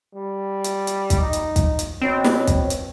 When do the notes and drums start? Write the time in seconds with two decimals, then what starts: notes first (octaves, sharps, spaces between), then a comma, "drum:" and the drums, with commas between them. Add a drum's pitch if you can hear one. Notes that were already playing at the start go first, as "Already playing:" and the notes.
0.14 G3
0.64 drum: hi-hat
0.87 drum: hi-hat
1.10 drum: kick, hi-hat
1.20 D#4
1.33 drum: hi-hat
1.56 drum: kick, hi-hat
1.79 drum: hi-hat
2.02 B2 C4 C#5
2.24 drum: snare
2.47 drum: kick, hi-hat
2.70 drum: hi-hat